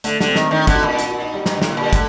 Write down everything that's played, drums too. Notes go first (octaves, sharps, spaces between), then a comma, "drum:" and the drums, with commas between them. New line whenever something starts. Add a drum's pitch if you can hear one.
D3 A3, drum: hi-hat
D3, drum: snare
C4
D#3, drum: snare
D#3 D4
D#4
D3, drum: kick, hi-hat
F#4
A#2 D#4
F#4, drum: hi-hat
F#4
D#4
G3
G2 G3, drum: snare
D3
A2, drum: snare
A#3
A#2 G3
D3 A3, drum: kick, hi-hat